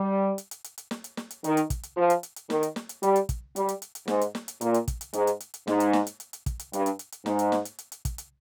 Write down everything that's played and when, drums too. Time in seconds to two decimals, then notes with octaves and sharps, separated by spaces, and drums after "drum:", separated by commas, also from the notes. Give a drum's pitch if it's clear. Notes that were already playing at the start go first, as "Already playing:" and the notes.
Already playing: G3
0.38 drum: hi-hat
0.51 drum: hi-hat
0.64 drum: hi-hat
0.78 drum: hi-hat
0.91 drum: snare
1.04 drum: hi-hat
1.17 drum: snare
1.31 drum: hi-hat
1.44 D#3, drum: hi-hat
1.57 drum: hi-hat
1.70 drum: kick, hi-hat
1.83 drum: hi-hat
1.97 F3
2.10 drum: hi-hat
2.23 drum: hi-hat
2.36 drum: hi-hat
2.50 D#3, drum: snare
2.63 drum: hi-hat
2.76 drum: snare
2.89 drum: hi-hat
3.03 G3, drum: hi-hat
3.16 drum: hi-hat
3.29 drum: kick, hi-hat
3.56 G3, drum: hi-hat
3.69 drum: hi-hat
3.82 drum: hi-hat
3.95 drum: hi-hat
4.08 G#2, drum: snare
4.21 drum: hi-hat
4.35 drum: snare
4.48 drum: hi-hat
4.61 A#2, drum: hi-hat
4.74 drum: hi-hat
4.88 drum: kick, hi-hat
5.01 drum: hi-hat
5.13 G#2, drum: hi-hat
5.27 drum: hi-hat
5.40 drum: hi-hat
5.54 drum: hi-hat
5.67 G#2, drum: snare
5.80 drum: hi-hat
5.93 drum: snare
6.07 drum: hi-hat
6.20 drum: hi-hat
6.33 drum: hi-hat
6.46 drum: kick, hi-hat
6.59 drum: hi-hat
6.73 G2, drum: hi-hat
6.86 drum: hi-hat
6.99 drum: hi-hat
7.12 drum: hi-hat
7.26 G#2, drum: snare
7.39 drum: hi-hat
7.52 drum: snare
7.65 drum: hi-hat
7.78 drum: hi-hat
7.92 drum: hi-hat
8.05 drum: kick, hi-hat
8.18 drum: hi-hat